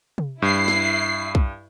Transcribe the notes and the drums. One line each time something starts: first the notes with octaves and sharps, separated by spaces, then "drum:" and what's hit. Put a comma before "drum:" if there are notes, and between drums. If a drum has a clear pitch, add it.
drum: tom C3
G2 E4 C7
drum: snare
drum: kick B1